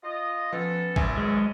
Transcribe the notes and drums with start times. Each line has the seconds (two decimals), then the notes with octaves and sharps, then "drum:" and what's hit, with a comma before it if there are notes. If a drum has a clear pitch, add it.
0.04 F4 D#5
0.53 F3 B3 C#4 A4
0.96 G#1 E5 G#5, drum: kick A1
1.17 E2 F#3 G#3 C#4